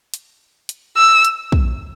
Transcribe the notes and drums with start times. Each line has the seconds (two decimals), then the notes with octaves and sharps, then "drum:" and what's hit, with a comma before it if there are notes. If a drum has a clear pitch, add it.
0.14 drum: hi-hat
0.69 drum: hi-hat
0.97 E6
1.25 drum: hi-hat
1.52 drum: kick